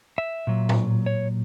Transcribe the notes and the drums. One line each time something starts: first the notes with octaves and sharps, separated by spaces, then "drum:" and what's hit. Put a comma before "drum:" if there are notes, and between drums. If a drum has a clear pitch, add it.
E5
A#2 F#3
drum: tom A2
C#5